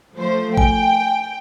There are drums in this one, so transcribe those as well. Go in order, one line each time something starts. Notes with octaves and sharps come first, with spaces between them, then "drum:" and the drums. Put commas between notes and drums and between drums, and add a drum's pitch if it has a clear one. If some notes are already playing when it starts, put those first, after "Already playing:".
F3 A3 C5
G5 G#5, drum: kick A1